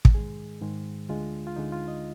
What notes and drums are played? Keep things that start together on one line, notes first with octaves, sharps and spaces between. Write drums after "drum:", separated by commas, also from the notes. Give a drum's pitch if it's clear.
drum: kick
G#2 D#3 G#3 G#4
G#2 D#3 G#3
D2 D3 G#3 D4 F4
F4
D2 D3 G#3 D4 D#4
F4
D#5